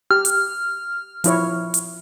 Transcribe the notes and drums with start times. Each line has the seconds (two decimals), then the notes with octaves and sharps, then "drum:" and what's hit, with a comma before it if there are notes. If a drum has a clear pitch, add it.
0.11 G4 F6
0.25 drum: hi-hat
1.24 F3 E4 C#5, drum: hi-hat
1.74 drum: hi-hat